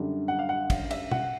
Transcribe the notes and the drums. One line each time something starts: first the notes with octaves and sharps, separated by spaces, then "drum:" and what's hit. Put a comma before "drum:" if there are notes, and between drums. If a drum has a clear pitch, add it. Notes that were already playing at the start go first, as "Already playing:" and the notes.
Already playing: F#2 D3 G3
F#5
F5
F#5
F5, drum: kick, cymbal
E5, drum: cymbal
F#5, drum: tom